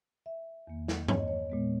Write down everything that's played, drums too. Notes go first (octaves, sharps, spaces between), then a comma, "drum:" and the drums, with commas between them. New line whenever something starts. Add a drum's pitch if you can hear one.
E5
E2 D#3 A#3
drum: snare
C#5, drum: tom G2
D#5
C#5
A#2 G#3 B3